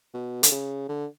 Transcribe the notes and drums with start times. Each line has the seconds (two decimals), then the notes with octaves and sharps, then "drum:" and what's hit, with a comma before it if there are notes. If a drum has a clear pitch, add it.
0.14 B2
0.43 D3, drum: hi-hat
0.51 C#3
0.89 D3